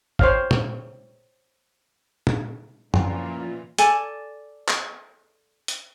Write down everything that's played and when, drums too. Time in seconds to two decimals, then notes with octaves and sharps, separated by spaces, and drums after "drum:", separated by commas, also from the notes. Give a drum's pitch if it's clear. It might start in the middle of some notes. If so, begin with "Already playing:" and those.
0.19 C5 C#5 F5, drum: kick
0.51 drum: tom A#2
2.27 drum: tom A#2
2.94 A#2 E3 F3 A#3 C#4 F4, drum: tom F#2
3.78 A4 D5 G#5 A5, drum: hi-hat
4.68 drum: clap
5.68 drum: hi-hat